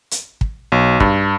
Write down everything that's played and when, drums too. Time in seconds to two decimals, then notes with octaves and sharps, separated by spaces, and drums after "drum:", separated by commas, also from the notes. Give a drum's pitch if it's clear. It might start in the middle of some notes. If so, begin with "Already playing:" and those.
0.11 drum: hi-hat
0.41 drum: kick
0.72 B1
1.00 G2, drum: kick